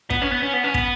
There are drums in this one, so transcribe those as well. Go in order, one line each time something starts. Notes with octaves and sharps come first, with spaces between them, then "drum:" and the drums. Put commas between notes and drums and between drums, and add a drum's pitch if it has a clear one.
B3, drum: kick
C#4
B3
C#4
B3
C#4
B3, drum: kick